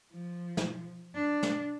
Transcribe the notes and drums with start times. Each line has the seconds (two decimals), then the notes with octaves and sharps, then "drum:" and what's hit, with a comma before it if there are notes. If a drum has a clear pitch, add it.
0.13 F3
0.57 drum: snare
1.14 D4
1.43 drum: snare